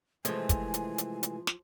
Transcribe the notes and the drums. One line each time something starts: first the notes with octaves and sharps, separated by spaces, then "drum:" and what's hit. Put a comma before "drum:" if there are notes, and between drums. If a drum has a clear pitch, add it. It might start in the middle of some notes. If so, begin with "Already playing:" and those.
C3 E3 F3 G#3 A3 G#5, drum: hi-hat
drum: kick, hi-hat
drum: hi-hat
drum: hi-hat
drum: hi-hat
drum: snare